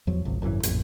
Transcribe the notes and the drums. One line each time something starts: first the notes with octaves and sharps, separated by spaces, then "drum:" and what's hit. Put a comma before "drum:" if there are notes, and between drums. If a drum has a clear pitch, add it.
E2 F3 F#3
G#1 C#2
G#1 F#2 A#2 E3
A1 F2 A#2, drum: hi-hat